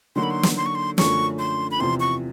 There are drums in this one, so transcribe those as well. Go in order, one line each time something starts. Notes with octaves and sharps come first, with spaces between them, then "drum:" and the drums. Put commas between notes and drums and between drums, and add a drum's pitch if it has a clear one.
D3 F#3 A#3 D#4 F#4 C6
B5
C6
drum: snare
C6
C#6
C6
F#2 D3 F3 A3 C#4 C#6, drum: snare
C6
B5
E2 C3 F3 C6
C#6